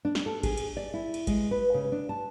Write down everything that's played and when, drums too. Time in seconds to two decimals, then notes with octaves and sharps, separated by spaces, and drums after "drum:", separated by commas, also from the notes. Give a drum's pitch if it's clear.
0.05 D4
0.15 drum: snare
0.26 A4
0.43 G#4, drum: kick G#1, cymbal
0.57 drum: cymbal
0.77 D5
0.94 E4
1.14 drum: cymbal
1.27 G#3, drum: kick G#1, cymbal
1.51 B4
1.74 C#3
1.92 D4
2.09 A5